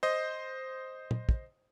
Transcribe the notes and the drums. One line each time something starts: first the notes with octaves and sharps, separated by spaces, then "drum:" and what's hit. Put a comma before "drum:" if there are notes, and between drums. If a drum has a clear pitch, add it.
C5 D#5
drum: tom
drum: kick